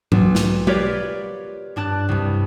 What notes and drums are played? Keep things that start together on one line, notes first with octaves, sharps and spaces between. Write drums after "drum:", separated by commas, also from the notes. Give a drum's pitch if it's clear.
B1, drum: tom G#2
drum: snare
F4 G4 A#4 B4 C#5 D5, drum: tom G#3
G2 D4 A5 F#6
C2 G2